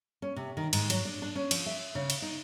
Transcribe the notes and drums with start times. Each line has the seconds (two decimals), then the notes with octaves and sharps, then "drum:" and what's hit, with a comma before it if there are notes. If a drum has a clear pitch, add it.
0.22 C#4
0.36 C3
0.57 D#3
0.73 G#2, drum: cymbal
0.90 F#3, drum: cymbal
1.05 D4
1.22 D4
1.35 C#4
1.51 F3, drum: cymbal
1.66 E5
1.95 C#3
2.10 drum: cymbal
2.22 D#4